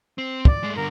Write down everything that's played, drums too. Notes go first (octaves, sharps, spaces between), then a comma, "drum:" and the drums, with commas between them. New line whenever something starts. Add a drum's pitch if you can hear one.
C4
D5, drum: kick
G#3 A3
G2 D3 A#4